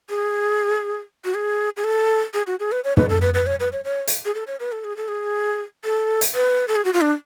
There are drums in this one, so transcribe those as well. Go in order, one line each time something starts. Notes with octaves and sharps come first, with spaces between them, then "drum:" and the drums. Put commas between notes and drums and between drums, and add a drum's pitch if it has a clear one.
G#4
F#4
G#4
G#4
A4
G#4
F#4
G#4
B4
C#5
B4, drum: tom
A4
B4
B4
C#5
B4
C#5
C#5
drum: hi-hat
G#4
A4
C#5
B4
A4
G#4
A4
G#4
A4
drum: hi-hat
B4
A4
G#4
F#4
F4
D4